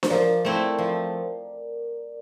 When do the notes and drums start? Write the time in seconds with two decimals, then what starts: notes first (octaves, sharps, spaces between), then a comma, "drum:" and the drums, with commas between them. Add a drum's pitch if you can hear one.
0.03 C5, drum: snare D4
0.10 F3 A#4 D5
0.45 A3 C4 E4
0.79 F3